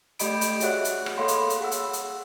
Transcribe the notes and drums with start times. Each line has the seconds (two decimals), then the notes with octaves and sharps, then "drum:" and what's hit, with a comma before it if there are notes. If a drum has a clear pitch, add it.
0.19 A3 G4 D5 D#5 B5 D7, drum: hi-hat
0.41 drum: hi-hat
0.60 F#4 G#4 C#5 E5 F#5 F#6, drum: hi-hat
0.85 drum: hi-hat
1.06 drum: rim click
1.18 A#3 A4 C#5 F5 B5 C6
1.28 drum: hi-hat
1.50 drum: hi-hat
1.61 G#4 F#5 B5 E6
1.71 drum: hi-hat
1.93 drum: hi-hat